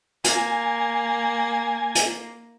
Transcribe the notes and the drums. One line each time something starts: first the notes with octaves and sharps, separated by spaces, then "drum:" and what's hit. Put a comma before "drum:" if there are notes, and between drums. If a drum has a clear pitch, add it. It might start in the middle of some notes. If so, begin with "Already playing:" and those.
A#3 G#5, drum: hi-hat
drum: hi-hat